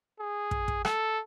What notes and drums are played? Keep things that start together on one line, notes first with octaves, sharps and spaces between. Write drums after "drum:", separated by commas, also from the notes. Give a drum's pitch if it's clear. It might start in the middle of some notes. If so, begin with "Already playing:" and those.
G#4
drum: kick
drum: kick
A4, drum: rim click